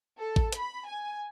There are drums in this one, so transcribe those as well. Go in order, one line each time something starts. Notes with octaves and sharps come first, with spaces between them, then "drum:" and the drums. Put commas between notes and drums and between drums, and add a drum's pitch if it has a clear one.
A4
drum: kick A1
B5, drum: hi-hat
G#5